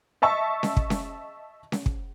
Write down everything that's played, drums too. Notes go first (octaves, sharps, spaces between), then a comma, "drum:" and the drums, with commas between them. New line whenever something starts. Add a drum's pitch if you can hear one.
D#5 E5 A5 C#6 E6
drum: snare C#4
drum: kick
drum: snare C#4
drum: snare C#4
drum: kick